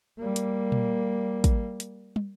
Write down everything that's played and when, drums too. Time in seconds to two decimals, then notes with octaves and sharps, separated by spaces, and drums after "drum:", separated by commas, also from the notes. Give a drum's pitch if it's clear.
0.18 G3 A#3
0.36 drum: hi-hat
0.72 drum: tom A#2
1.44 drum: kick, hi-hat
1.80 drum: hi-hat
2.16 drum: tom